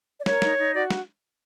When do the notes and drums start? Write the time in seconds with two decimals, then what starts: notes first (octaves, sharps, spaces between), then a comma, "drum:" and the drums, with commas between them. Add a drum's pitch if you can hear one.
0.21 D5
0.26 A#4 C#5, drum: snare
0.42 D#4, drum: snare
0.58 D#4
0.74 F#4 D5
0.91 drum: snare